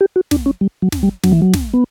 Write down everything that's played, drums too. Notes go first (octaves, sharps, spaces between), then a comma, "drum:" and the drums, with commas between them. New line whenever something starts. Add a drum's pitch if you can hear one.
G4
F#4
D4, drum: snare
C#4
G3
F#3
drum: snare
G3
F#3, drum: snare
E3
F#3
drum: snare
B3